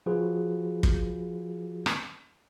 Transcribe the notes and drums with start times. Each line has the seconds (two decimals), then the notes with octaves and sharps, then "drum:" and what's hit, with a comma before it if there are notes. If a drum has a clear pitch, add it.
0.06 F3 F4 F#4 G#4 B4
0.83 drum: kick
1.86 drum: rim click